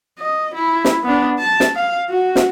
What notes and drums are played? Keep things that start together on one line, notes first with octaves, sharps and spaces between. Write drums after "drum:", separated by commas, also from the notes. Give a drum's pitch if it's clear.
D#5
E4
drum: snare
B3 D4
A5
drum: snare
F5
F#4
drum: snare